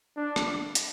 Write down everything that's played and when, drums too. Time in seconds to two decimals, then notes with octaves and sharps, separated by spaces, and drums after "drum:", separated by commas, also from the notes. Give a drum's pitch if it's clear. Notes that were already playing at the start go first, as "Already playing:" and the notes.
0.17 D4
0.36 drum: rim click
0.75 drum: hi-hat